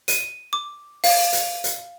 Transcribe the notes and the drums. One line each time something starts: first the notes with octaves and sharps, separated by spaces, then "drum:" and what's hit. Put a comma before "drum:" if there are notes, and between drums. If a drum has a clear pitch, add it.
D#7, drum: hi-hat
D6
F5, drum: open hi-hat
drum: hi-hat
drum: hi-hat